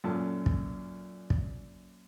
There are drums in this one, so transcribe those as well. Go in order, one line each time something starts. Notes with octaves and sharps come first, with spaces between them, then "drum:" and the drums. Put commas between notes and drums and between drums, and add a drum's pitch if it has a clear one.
F#2 A#2 C#4 A4 A5
drum: kick
drum: kick